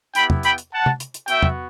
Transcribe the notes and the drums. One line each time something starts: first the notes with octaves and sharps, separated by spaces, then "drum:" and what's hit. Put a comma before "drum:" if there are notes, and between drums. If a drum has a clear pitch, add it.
B3 E4 G4 G5 B5, drum: hi-hat
drum: tom
G5 B5, drum: hi-hat
drum: hi-hat
F#5 A5
drum: tom C3
drum: hi-hat
drum: hi-hat
B3 F#4 E5 G5, drum: hi-hat
drum: tom